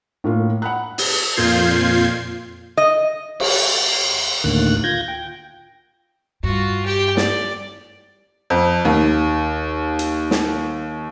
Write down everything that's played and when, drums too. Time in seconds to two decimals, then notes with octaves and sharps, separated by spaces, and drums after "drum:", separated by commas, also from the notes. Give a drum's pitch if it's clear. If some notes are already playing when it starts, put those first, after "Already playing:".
0.24 A2 A#3 F4
0.62 F#5 B5 F#6
0.98 drum: open hi-hat
1.36 F2 A#2 F4 G6 G#6 C7
2.77 D#5
3.40 drum: cymbal
4.44 D2 A2 D3 D#3 A#3 F#6
4.84 F4 G6 G#6 A#6
5.08 G5
6.43 G2 F4 F#4
6.86 G4 G5
7.17 D5, drum: snare
8.50 F2
8.85 D#2
9.99 drum: hi-hat
10.31 drum: snare